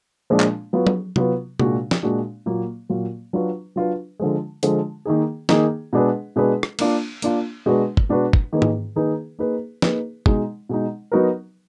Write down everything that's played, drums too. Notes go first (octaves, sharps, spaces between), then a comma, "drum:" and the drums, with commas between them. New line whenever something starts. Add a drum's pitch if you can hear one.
A#2 F3 G#3 D4
drum: clap
F#3 B3 F4
drum: tom F#3
F#3 B3 F4, drum: tom C3
A#2 G#3 D4 F#4, drum: tom C3
drum: snare
A#2 G#3 D4 F#4
A#2 F#3 A#3 F4
A#2 F#3 A#3 F4
F#3 D4 F4 B4
F#3 D4 F4 B4
D3 F3 G#3
D3 F3 G#3, drum: hi-hat
D#3 A#3 D#4 G#4
D#3 A#3 D#4 G#4, drum: snare
B2 G#3 D4 G#4 B4
B2 G#3 D4 G#4 B4
drum: rim click
A#3 D4 F4, drum: cymbal
A#3 D4 F4, drum: hi-hat
B2 G#3 D4 F#4 B4
drum: kick
B2 G#3 D4 F#4 B4
drum: kick
D#3 A#3 D#4 G#4 B4
drum: tom G#2
D#3 A#3 D#4 G#4 B4
A#3 D#4 G#4 B4
A#3 D#4 G#4 B4, drum: snare
B2 G#3 D#4, drum: kick
B2 G#3 D#4
F#3 B3 D#4 F#4 A#4